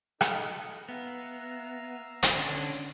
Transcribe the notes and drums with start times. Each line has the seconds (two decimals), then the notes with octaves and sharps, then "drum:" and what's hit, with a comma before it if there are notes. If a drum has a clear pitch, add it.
0.21 D#4 A4, drum: rim click
0.58 D#5
0.89 B3 E5 F5 A#5
2.23 drum: hi-hat
2.35 D3 C#4 D4
2.55 D5 F#5 E6